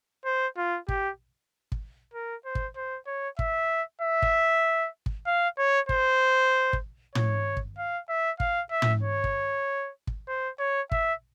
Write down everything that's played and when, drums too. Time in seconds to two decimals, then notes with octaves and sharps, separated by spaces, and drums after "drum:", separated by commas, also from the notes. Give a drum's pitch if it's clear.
0.25 C5
0.57 F4
0.88 G4, drum: kick
1.72 drum: kick
2.14 A#4
2.45 C5
2.55 drum: kick
2.76 C5
3.07 C#5
3.39 E5, drum: kick
4.01 E5
4.22 drum: kick
5.06 drum: kick
5.27 F5
5.58 C#5
5.89 C5, drum: kick
6.73 drum: kick
7.15 C#5, drum: tom
7.57 drum: kick
7.78 F5
8.09 E5
8.40 F5, drum: kick
8.71 E5
8.82 drum: tom
9.03 C#5
9.24 drum: kick
10.07 drum: kick
10.28 C5
10.59 C#5
10.92 E5, drum: kick